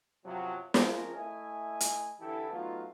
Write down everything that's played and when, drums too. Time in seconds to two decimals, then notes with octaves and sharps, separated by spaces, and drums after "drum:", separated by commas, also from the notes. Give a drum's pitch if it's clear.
0.25 F#2 C3 F3 F#3
0.74 F3 G#3 C4 C#4 A#4, drum: snare
1.15 A3 E4 D#5 G#5
1.80 drum: hi-hat
2.20 D3 E3 E4 G4 A4
2.51 F#3 A3 B3 D#4 F4